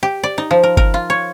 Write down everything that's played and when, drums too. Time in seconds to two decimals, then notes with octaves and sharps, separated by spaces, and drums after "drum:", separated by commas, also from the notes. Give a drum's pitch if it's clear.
0.03 G4
0.23 D5
0.38 D#4
0.51 F3
0.63 A#4
0.77 A#4, drum: kick G1
0.94 F4
1.10 C#5